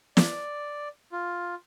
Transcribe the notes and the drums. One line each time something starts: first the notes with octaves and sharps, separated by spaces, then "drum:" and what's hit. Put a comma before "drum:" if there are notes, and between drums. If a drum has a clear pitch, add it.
D5, drum: snare
F4